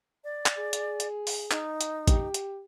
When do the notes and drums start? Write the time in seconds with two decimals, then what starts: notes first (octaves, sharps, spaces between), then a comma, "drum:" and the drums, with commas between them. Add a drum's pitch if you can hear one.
0.24 D5
0.46 drum: clap
0.58 G#4
0.73 drum: hi-hat
1.00 drum: hi-hat
1.27 drum: open hi-hat
1.51 D#4, drum: clap
1.81 drum: hi-hat
2.07 G4, drum: kick, hi-hat
2.34 drum: hi-hat